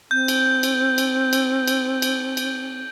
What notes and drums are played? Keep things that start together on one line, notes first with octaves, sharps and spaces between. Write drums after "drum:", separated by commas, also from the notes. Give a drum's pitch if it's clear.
C4 G6
drum: cymbal
drum: cymbal
drum: cymbal
drum: cymbal
drum: cymbal
drum: cymbal
drum: cymbal